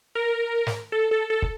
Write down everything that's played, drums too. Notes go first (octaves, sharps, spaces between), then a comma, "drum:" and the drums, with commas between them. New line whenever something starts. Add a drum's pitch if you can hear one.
A#4
drum: snare
A4
A4
A4
drum: kick